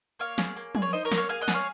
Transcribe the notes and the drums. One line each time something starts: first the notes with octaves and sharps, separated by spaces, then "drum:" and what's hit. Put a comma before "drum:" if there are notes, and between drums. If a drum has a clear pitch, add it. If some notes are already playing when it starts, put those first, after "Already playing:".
A#3 C#5 F5
G#4, drum: snare
A#3
G#4, drum: tom F3
C#5
D#4 C5 D#5
A#4 C#5
A#3, drum: snare
C#5 F5
G#4 F5 G#5
D#5 F#5
G#4, drum: snare
C#5 F5